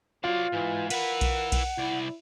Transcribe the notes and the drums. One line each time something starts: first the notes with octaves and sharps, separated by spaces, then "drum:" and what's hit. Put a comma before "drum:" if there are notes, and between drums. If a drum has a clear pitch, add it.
F#3 F4 C5 D5
G#2 E3
E4 A#4 B4 F#5, drum: cymbal
drum: kick B1, cymbal
drum: kick B1, cymbal
C2 E4 D5